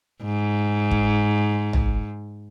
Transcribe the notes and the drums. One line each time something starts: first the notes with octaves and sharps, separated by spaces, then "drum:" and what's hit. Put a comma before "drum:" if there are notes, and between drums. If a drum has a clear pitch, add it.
G#2
drum: kick
drum: tom